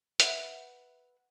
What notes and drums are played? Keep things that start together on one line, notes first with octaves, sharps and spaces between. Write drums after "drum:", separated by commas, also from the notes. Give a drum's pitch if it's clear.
B4 E5 F#5, drum: hi-hat